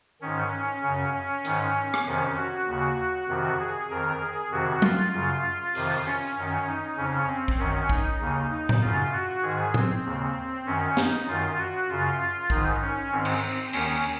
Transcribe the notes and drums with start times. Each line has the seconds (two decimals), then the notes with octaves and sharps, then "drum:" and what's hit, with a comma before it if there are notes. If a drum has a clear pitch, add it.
0.21 G#2 D#3 C#4
0.82 F#2 C#3
1.14 C#4
1.45 G#2 D#3, drum: hi-hat
1.94 drum: rim click
2.06 F2 C3 D#3 C#4
2.36 F#4
2.67 D#2 C#3
3.28 F2 C3 D#3 F#4
3.60 G#4
3.90 F2 D#3 A#4
4.20 G#4
4.51 F2 C3 D#3 F#4
4.82 F4, drum: tom F#3
5.13 F#2 C#3 F4
5.75 F2 C3 D#3, drum: open hi-hat
6.05 C#4
6.36 F#2 D#3 C#4
6.67 D#4
6.98 F2 C#3 C#4
7.28 C4
7.48 drum: kick A#1
7.59 F#2 D#3 C#4
7.89 D#4, drum: kick A#1
8.21 D#2 C#3
8.51 D#4
8.69 drum: tom A2
8.82 F#2 C#3 F4
9.12 F#4
9.43 G#2 D#3 G#4
9.74 C4, drum: tom A2
10.04 D#2 C#3
10.66 F#2 D#3 C#4
10.97 D#4, drum: snare
11.27 F#2 D#3 F4
11.58 F#4
11.89 F#2 C#3 F4
12.50 G#2 D#3 D#4, drum: kick A#1
12.82 C#4
13.12 G#2 D#3 C4
13.25 drum: cymbal
13.43 C4
13.73 D#2 D#3 C#4, drum: cymbal